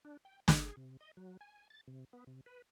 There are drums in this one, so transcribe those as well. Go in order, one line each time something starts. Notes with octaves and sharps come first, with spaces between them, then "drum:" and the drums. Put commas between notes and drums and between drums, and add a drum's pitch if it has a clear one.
D4
G5
G#4, drum: snare
C3
D#5
F#3
G#5
A6
C3
B3
C3
B4